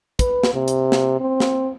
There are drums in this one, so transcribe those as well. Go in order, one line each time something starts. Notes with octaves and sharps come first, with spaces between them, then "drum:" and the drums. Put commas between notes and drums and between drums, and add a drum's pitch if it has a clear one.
B4, drum: kick, hi-hat
drum: snare
C3
drum: hi-hat
drum: snare
C4
drum: snare